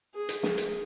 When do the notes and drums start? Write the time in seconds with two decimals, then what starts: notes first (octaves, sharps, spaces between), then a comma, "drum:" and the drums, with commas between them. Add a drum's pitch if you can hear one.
0.15 G#4
0.29 drum: hi-hat
0.43 drum: snare
0.58 drum: hi-hat